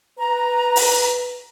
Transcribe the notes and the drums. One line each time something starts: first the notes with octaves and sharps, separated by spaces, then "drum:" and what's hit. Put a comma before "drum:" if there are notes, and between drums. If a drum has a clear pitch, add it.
B4 A#5
drum: open hi-hat